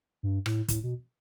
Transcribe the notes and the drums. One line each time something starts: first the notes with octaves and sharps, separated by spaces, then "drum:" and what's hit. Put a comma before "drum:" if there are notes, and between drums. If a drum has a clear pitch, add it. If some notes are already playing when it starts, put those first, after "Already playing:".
G2
A2, drum: rim click
A2, drum: kick, hi-hat
B2